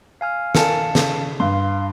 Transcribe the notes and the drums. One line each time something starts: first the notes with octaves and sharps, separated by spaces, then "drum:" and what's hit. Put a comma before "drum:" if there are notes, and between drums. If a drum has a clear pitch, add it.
F5 G#5 F6
A4 A#4 F5 G#5 A5 C#7, drum: snare
C#3 A4, drum: snare
G2 F5 C6